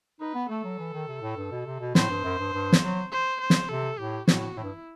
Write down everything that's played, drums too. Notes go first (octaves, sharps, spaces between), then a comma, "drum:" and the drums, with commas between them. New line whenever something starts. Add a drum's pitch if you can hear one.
D#4 B4
B3
A3 A4
F#3
E3
D#3
C3
A2
G2
B2
C3
B2
A2 C5, drum: snare
G2
F#2
G2
G2
drum: snare
F#3
C5
C5
drum: snare
C3 A4
A2 G4
A2 F#4, drum: snare
A2 E4
G2